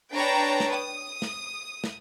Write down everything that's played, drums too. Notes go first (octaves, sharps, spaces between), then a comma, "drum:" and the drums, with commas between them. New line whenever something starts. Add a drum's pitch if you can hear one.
D4 B4 C#5 G5 A5 A#5
drum: snare
D#6
drum: snare
drum: snare